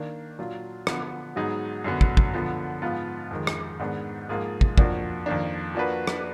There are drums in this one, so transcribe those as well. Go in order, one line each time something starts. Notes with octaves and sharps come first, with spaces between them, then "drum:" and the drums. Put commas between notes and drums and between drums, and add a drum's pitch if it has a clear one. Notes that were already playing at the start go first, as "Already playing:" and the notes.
Already playing: D#3 A#3 D4
A#2 F#3 D4 F4
D3 F3 B3, drum: rim click
G#2 F#3 B3 D#4 G#4
F#2 D3 F#3 B3
drum: kick
drum: kick
D3 F3 B3
G#2 F3 B3 F4
F2 D#3 G#3
drum: rim click
G#2 D#3 G#3 B3 D4
G#2 F3 A#3 F4 G#4
drum: kick
F2 F3 A#3 D4 F#4, drum: kick
F2 D#3 A#3 D4
F3 A#3 D4 F#4 B4
drum: rim click